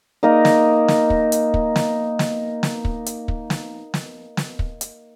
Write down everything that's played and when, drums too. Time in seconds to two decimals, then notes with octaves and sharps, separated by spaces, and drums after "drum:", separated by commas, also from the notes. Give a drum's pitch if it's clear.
0.23 A#3 D#4 A#4 D#5
0.45 drum: snare
0.88 drum: snare
1.10 drum: kick
1.32 drum: hi-hat
1.54 drum: kick
1.76 drum: snare
2.19 drum: snare
2.63 drum: snare
2.85 drum: kick
3.06 drum: hi-hat
3.28 drum: kick
3.50 drum: snare
3.94 drum: snare
4.37 drum: snare
4.59 drum: kick
4.81 drum: hi-hat